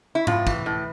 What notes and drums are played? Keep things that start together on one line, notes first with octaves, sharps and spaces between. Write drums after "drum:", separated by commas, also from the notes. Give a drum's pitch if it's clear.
E4
A2 F4, drum: tom G#2
E3, drum: kick, tambourine
A2